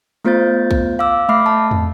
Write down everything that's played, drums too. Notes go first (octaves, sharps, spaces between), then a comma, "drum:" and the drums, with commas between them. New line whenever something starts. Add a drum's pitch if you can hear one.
A3 B3 F4 C5 G6 A6
drum: kick A#1
F5 D6 E6
A3 E5 B5 D6 F6 C7
A3 A5
drum: tom